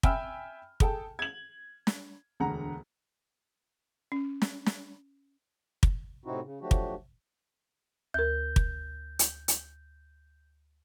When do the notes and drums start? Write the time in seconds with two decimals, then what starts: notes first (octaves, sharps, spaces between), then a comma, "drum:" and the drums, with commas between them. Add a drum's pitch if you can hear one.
0.03 E5 G5 G#5 B5 E6 F6, drum: kick
0.80 G#4 A4 G5 A5, drum: kick
1.19 G#6 F#7
1.87 drum: snare
2.40 E1 D2 F#5 A#5
4.12 C#4
4.42 drum: snare
4.66 drum: snare
5.83 drum: kick
6.25 A2 C3 C4 D#4 E4 F#4
6.43 C#3
6.61 F3 F#3 A3 D4 F#4 G4
6.71 drum: kick
8.14 D2 A#4 G6
8.56 drum: kick
9.19 drum: hi-hat
9.48 drum: hi-hat